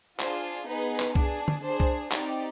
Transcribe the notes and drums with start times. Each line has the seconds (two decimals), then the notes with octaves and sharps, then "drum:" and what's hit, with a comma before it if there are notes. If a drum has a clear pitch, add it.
0.19 D4 F4 G#4 C5, drum: clap
0.68 B3 D#4 G#4 B4
1.00 drum: clap
1.15 D4 G#4, drum: kick C2
1.48 drum: tom
1.64 D4 G#4 C5
1.80 drum: kick C2
2.11 C4 D#4 G4 D5, drum: clap